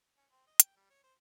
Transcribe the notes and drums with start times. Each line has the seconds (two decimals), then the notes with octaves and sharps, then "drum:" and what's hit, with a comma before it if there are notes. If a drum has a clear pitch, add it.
0.17 C#4
0.31 C4
0.47 D#5
0.60 G5, drum: hi-hat
0.76 G3
0.90 C#5
1.04 C5